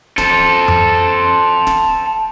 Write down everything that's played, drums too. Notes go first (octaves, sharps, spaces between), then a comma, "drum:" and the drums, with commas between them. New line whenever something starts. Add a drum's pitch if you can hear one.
A4 C5, drum: snare
drum: tom F2
drum: snare